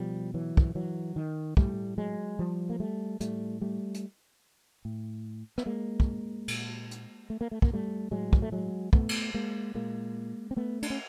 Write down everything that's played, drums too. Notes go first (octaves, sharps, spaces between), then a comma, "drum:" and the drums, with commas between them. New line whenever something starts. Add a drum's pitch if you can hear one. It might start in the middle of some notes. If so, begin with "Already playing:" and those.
Already playing: B2 F3 G3
E3 F#3
drum: kick
E3 F#3
D#3
A2 G3 A3, drum: kick
F#3 G#3
F3 G3
A#3
G3 A3
A2 G3 A3, drum: hi-hat
G3 A3
drum: hi-hat
A2
B3, drum: rim click
G#3 A#3
drum: kick
A#2, drum: cymbal
drum: hi-hat
A3
A#3
A3
A#3, drum: kick
G3 A3
A2 F#3 G#3
drum: kick
A3
F#3 G#3
A3 B3, drum: kick
drum: cymbal
G#3 A#3
A#2 G#3 A#3
C4
A3 B3
D4, drum: cymbal
C#4